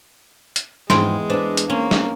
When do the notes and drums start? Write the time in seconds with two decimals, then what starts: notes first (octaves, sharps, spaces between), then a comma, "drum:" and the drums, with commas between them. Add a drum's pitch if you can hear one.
0.56 drum: hi-hat
0.90 E2 G#2 F3 G#3 C4 G5 C6, drum: snare
1.30 D4 B4 C5 D5 E5
1.57 drum: hi-hat
1.70 A#3 C4 C#4
1.91 drum: snare